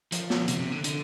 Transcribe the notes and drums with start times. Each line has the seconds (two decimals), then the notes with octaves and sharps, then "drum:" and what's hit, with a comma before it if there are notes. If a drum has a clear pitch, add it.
0.12 F3, drum: hi-hat
0.30 drum: snare
0.48 C3, drum: hi-hat
0.60 C3
0.72 D3
0.84 D3, drum: hi-hat